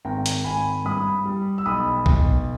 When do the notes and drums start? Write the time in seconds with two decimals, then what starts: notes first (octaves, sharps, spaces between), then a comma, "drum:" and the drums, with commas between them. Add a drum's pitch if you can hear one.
0.05 G#1 G5 A#5
0.26 drum: hi-hat
0.44 G#1 G#5 B5
0.85 G2 B5 D#6
1.26 G3
1.58 E6
1.66 B1 B5 D#6
2.06 B1, drum: kick